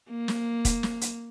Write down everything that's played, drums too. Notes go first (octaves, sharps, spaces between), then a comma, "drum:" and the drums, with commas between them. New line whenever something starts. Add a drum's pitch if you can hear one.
A#3
drum: snare
drum: kick, hi-hat
drum: snare
drum: hi-hat